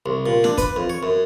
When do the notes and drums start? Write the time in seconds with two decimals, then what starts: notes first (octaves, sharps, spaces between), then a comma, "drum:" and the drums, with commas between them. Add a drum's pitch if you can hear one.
0.06 C2
0.26 A#2
0.44 D4, drum: snare
0.58 B4, drum: kick, hi-hat
0.76 F2
0.90 C#5
1.03 F#2